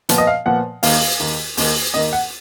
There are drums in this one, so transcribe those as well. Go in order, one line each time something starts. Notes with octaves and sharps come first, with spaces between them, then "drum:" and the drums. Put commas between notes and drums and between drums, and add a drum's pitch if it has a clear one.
A#2 F3 B3, drum: hi-hat
D#5
F5
A#2 F3 B3 F#5
D#2 D#3 A#3 F5, drum: open hi-hat
D#2 D#3 A#3
D#2 D#3 A#3, drum: open hi-hat
D#2 D#3 A#3 D#5
F#5